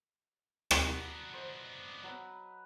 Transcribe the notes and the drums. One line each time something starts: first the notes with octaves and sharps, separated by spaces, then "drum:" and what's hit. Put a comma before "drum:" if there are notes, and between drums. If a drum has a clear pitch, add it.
drum: rim click
B3 D4 F#4 D#5 A#5
C5 D#5
F#3 B4 B5